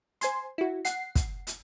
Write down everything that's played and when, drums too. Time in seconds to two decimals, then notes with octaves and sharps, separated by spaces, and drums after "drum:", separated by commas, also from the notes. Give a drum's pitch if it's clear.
0.21 C5 G#5 C6, drum: hi-hat
0.58 E4 F#4
0.85 F#5 C7, drum: hi-hat
1.15 drum: kick, hi-hat
1.47 drum: hi-hat